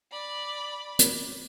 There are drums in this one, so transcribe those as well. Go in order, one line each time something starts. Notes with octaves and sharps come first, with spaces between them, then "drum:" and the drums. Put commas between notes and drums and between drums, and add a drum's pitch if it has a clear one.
D5 B5
drum: hi-hat